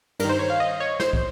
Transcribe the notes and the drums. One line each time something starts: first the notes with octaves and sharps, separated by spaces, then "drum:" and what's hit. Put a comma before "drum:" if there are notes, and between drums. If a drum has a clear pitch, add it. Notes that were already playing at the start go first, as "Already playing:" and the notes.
G2 A#4, drum: cymbal
D#3 C5
C#5
F5
D#5
C#5
C5, drum: snare
drum: kick